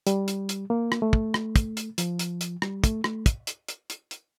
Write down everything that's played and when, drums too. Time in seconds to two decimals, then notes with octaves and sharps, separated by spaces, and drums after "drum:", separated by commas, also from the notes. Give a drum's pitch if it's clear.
0.07 G3, drum: hi-hat
0.28 drum: hi-hat
0.49 drum: hi-hat
0.70 A#3
0.92 drum: rim click
1.02 A3
1.13 drum: kick
1.34 drum: rim click
1.56 drum: kick, hi-hat
1.77 drum: hi-hat
1.98 F3, drum: hi-hat
2.19 drum: hi-hat
2.41 drum: hi-hat
2.62 G3, drum: rim click
2.84 A3, drum: kick, hi-hat
3.04 A3, drum: rim click
3.26 drum: kick, hi-hat
3.47 drum: hi-hat
3.68 drum: hi-hat
3.90 drum: hi-hat
4.11 drum: hi-hat